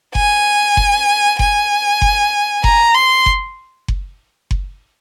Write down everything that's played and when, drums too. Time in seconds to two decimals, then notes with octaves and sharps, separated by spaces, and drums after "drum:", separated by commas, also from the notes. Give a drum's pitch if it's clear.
0.15 G#5, drum: kick F#1
0.77 drum: kick F#1
1.39 G#5, drum: kick F#1
2.02 drum: kick F#1
2.64 A#5, drum: kick F#1
2.95 C6
3.26 drum: kick F#1
3.88 drum: kick F#1
4.51 drum: kick F#1